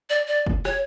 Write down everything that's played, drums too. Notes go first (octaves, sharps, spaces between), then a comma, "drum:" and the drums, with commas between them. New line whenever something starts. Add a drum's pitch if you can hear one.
D5
D5
drum: kick
C#5, drum: rim click